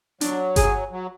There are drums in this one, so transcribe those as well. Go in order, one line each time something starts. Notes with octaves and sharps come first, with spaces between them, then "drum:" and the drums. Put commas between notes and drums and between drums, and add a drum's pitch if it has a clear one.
F#3 D4, drum: hi-hat
G#4, drum: kick G1, hi-hat
F#3